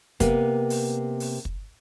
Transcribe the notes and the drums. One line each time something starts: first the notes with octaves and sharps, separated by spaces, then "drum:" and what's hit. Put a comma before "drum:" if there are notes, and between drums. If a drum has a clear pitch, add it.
C3 A#3 B3, drum: kick, hi-hat
drum: open hi-hat
drum: open hi-hat
drum: kick